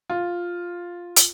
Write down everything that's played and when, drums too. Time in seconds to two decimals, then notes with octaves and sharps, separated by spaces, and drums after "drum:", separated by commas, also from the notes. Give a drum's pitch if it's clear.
0.10 F4
1.16 drum: hi-hat